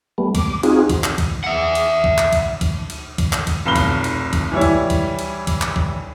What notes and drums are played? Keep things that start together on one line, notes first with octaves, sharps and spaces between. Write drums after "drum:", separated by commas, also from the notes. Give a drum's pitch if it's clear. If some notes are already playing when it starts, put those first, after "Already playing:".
G3 A3 B3
D6, drum: kick, cymbal
C4 D#4 F4 F#4 G#4, drum: cymbal
drum: kick, cymbal
drum: clap
drum: kick, cymbal
E5 F#5
drum: cymbal
drum: kick
drum: clap
drum: kick, cymbal
drum: kick, cymbal
drum: cymbal
drum: kick, cymbal
drum: clap
drum: kick, cymbal
F1 B1 B5 F6 G7
drum: kick, cymbal
drum: cymbal
drum: kick, cymbal
E3 G3 E4 C#5
drum: kick, cymbal
drum: kick, cymbal
drum: cymbal
drum: kick, cymbal
drum: clap
drum: kick